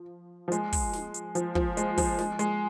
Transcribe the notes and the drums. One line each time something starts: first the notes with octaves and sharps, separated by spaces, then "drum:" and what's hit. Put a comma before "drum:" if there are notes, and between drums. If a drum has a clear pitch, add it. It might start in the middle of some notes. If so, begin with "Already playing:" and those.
Already playing: F3
F3
G#3, drum: hi-hat
drum: kick, open hi-hat
drum: snare
drum: hi-hat
F3, drum: hi-hat
F3, drum: kick
G#3, drum: hi-hat
F3, drum: kick, open hi-hat
G#3, drum: snare
G#3, drum: hi-hat